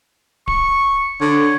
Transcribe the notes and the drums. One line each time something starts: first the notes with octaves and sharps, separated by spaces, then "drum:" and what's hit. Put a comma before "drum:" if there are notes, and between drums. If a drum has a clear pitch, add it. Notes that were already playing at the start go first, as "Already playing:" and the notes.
C#6, drum: kick D1
D3 C#5